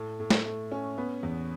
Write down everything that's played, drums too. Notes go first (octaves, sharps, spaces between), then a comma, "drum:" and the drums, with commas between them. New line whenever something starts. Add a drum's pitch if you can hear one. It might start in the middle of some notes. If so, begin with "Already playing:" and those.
Already playing: A2
A2
drum: snare
A3
C#4
B3
E2